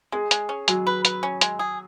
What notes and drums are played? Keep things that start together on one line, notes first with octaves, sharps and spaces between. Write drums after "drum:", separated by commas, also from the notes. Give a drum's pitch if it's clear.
G#3 G#4
G#3, drum: hi-hat
C#4
F#3 G#3, drum: hi-hat
B4
B4, drum: hi-hat
C#4
G#3, drum: hi-hat
G#4